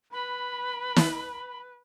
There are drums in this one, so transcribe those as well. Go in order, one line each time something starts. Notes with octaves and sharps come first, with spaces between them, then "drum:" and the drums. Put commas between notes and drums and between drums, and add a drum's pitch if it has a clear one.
B4 B5
drum: snare